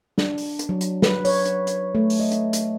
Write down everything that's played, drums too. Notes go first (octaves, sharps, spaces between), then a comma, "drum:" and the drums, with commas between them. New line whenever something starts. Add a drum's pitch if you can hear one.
D4, drum: snare
drum: open hi-hat
drum: hi-hat
F#3
drum: hi-hat
B4, drum: snare
C#5, drum: open hi-hat
drum: hi-hat
drum: hi-hat
A3
drum: open hi-hat
D#5
drum: hi-hat
drum: hi-hat